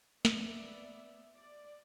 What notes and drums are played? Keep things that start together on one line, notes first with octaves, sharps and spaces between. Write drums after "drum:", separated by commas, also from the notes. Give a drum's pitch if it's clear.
B3 D5 E5, drum: snare
D5